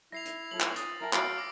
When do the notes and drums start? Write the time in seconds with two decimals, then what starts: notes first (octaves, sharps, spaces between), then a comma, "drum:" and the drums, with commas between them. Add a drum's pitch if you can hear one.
0.12 E4 E5 A#6 C7 F7
0.25 drum: hi-hat
0.51 F4 A4 C#5 F#7
0.61 drum: clap
0.76 D#6 A6, drum: hi-hat
1.01 E4 A#4 G5 A5
1.13 F#4 E5 F5 B5 E6 C7 D7, drum: clap
1.38 D6 A#6